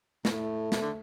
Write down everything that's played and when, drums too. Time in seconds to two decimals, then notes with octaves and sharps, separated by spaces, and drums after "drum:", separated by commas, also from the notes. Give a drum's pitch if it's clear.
0.25 B2, drum: snare
0.31 A2 A3
0.72 B2, drum: snare
0.81 D3